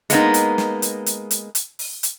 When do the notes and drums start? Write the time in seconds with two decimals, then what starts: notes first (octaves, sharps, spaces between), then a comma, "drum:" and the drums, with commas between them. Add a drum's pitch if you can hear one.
0.10 G#3 A#3 B3 D#4, drum: hi-hat
0.34 drum: hi-hat
0.58 drum: snare
0.82 drum: hi-hat
1.06 drum: hi-hat
1.31 drum: hi-hat
1.55 drum: hi-hat
1.79 drum: open hi-hat
2.03 drum: hi-hat